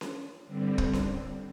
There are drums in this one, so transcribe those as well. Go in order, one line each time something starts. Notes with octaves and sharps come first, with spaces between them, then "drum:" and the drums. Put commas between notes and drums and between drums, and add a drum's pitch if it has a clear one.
drum: snare C#4
G2 D3 G3 C4
drum: kick
drum: snare C#4